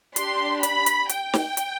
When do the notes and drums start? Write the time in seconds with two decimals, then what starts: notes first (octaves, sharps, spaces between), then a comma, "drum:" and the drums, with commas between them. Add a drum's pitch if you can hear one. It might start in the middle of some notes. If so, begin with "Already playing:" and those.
0.16 D4 G4 C6, drum: hi-hat
0.63 B5, drum: hi-hat
0.86 drum: hi-hat
1.09 G5, drum: hi-hat
1.33 drum: snare
1.57 drum: hi-hat